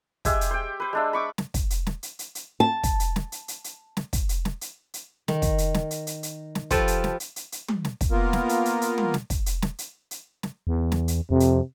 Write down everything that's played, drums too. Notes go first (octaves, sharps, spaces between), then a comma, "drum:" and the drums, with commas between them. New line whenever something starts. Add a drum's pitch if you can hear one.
G#3 G4 G#4 E5, drum: kick, hi-hat
drum: hi-hat
C5 G5
B4 C5
G#3 D4 E5
B5 C#6 D6
drum: snare
drum: kick, hi-hat
drum: hi-hat
drum: snare
drum: hi-hat
drum: hi-hat
drum: hi-hat
A5
drum: kick, hi-hat
drum: hi-hat
drum: snare
drum: hi-hat
drum: hi-hat
drum: hi-hat
drum: snare
drum: kick, hi-hat
drum: hi-hat
drum: snare
drum: hi-hat
drum: hi-hat
D#3, drum: snare
drum: kick, hi-hat
drum: hi-hat
drum: snare
drum: hi-hat
drum: hi-hat
drum: hi-hat
drum: snare
F3 F4 G4 A4 B4, drum: kick, hi-hat
drum: hi-hat
drum: snare
drum: hi-hat
drum: hi-hat
drum: hi-hat
drum: tom
drum: snare
drum: kick, hi-hat
A#3 B3 F4 A#4
drum: snare
drum: hi-hat
drum: hi-hat
drum: hi-hat
drum: tom
drum: snare
drum: kick, hi-hat
drum: hi-hat
drum: snare
drum: hi-hat
drum: hi-hat
drum: snare
E2
drum: snare
drum: hi-hat
F2 C3
drum: hi-hat